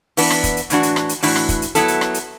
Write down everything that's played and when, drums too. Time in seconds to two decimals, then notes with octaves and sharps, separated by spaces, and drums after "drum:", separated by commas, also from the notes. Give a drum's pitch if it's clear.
0.17 E3 B3 D4, drum: open hi-hat
0.30 drum: rim click
0.44 drum: kick, hi-hat
0.57 drum: hi-hat
0.70 A2 E3 D4 F#4, drum: hi-hat
0.83 drum: hi-hat
0.96 drum: rim click
1.09 drum: hi-hat
1.23 A2 E3 D4 F#4, drum: open hi-hat
1.36 drum: rim click
1.49 drum: kick, hi-hat
1.62 drum: hi-hat
1.75 F#3 B3 E4 A4, drum: hi-hat
1.88 drum: hi-hat
2.01 drum: rim click
2.14 drum: hi-hat